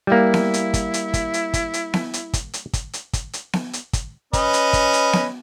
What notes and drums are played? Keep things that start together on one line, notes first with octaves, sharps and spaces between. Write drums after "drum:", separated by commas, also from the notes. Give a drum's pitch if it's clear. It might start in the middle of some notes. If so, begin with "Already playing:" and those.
G3 A#3 E4
drum: snare B3
drum: hi-hat
drum: kick, hi-hat
drum: hi-hat
drum: kick, hi-hat
drum: hi-hat
drum: kick, hi-hat
drum: hi-hat
drum: snare B3
drum: hi-hat
drum: kick, hi-hat
drum: hi-hat
drum: kick, hi-hat
drum: hi-hat
drum: kick, hi-hat
drum: hi-hat
drum: snare B3
drum: hi-hat
drum: kick, hi-hat
C#4 B4 D#5, drum: kick, hi-hat
drum: hi-hat
drum: kick, hi-hat
drum: hi-hat
drum: snare B3